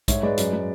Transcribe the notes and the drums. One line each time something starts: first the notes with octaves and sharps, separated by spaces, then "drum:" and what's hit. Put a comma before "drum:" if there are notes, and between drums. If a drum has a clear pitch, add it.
G#2 C#5 E5, drum: kick, hi-hat
G#3 B4 D5
F#2, drum: hi-hat
G#3